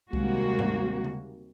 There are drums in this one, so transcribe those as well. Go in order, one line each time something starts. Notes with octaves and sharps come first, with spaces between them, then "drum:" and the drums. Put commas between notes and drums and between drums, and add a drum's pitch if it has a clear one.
D#2 C3 G3 G#3 A#3 F#4, drum: kick C2
drum: tom G#2
drum: tom C#3